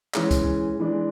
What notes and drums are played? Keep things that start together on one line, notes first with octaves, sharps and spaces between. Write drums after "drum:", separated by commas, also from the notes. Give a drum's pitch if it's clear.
E3 G#3 C#4, drum: clap
drum: kick, hi-hat
E3 G#3 D4